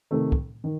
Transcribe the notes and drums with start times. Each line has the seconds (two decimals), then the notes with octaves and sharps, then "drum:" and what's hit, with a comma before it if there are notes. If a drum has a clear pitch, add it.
0.11 C3 D#3 A3
0.32 drum: kick
0.64 D#3